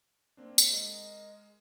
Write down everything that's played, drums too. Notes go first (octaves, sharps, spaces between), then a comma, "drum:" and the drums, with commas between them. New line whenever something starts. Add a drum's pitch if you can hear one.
A#3 C4 D4
drum: tambourine
G#3 A#4 D#5